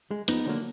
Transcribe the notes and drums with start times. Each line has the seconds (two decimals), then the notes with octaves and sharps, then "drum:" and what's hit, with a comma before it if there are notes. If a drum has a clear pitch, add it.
0.11 G#3
0.28 F2 B3 D#4, drum: hi-hat
0.45 D3 F#3 A#3